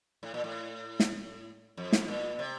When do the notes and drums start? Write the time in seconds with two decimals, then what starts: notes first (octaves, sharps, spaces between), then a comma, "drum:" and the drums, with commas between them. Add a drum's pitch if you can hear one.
0.23 A2
0.34 A#2
0.44 A2
1.00 drum: snare
1.77 F2
1.92 drum: snare
2.08 A#2
2.39 C3